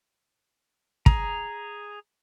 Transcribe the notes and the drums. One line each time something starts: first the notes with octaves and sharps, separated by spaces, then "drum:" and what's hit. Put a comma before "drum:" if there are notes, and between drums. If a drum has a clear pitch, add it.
G#4 A#5, drum: kick